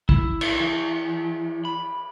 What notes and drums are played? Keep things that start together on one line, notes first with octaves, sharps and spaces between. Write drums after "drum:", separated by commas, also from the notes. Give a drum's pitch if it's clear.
E4, drum: kick
drum: cymbal
E3
B5